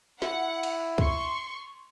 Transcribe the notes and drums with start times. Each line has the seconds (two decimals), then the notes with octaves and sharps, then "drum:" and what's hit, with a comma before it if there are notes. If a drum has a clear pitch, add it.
0.22 E4 F#5, drum: snare
0.63 drum: cymbal
0.98 C6 C#6, drum: kick